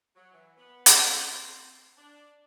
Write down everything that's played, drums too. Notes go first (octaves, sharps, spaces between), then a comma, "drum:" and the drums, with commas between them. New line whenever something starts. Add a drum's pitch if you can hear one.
F#3
E3
B3
drum: hi-hat
G2
C4
D4